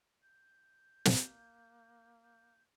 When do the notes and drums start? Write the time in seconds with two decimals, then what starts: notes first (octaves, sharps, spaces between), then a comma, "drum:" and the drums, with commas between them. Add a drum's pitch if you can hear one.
0.23 G6
1.05 A#3, drum: snare
2.24 G6